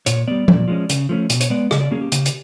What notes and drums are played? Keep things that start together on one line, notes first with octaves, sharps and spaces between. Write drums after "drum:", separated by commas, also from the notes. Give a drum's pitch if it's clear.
A#2 C#5, drum: hi-hat
G3 B3 D5
A#2, drum: tom F3
F3 G#3 C#4
C#3, drum: hi-hat
F3 A3 C#4
B2, drum: hi-hat
C#5, drum: hi-hat
G#3 B3 D5
C#3 D#5, drum: rim click
D5
F#3 A#3 C#4 G#4
G4
C#3, drum: hi-hat
drum: hi-hat